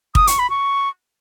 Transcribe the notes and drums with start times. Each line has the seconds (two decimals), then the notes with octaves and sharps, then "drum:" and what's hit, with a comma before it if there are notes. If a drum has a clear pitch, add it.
0.15 D#6, drum: kick
0.27 C#6, drum: hi-hat
0.39 B5
0.50 C#6